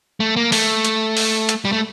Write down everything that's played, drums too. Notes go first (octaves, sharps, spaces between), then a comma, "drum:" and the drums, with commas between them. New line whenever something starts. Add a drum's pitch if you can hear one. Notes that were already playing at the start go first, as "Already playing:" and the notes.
A3
A#3
A3, drum: open hi-hat
drum: hi-hat
drum: open hi-hat
drum: hi-hat
G3
A3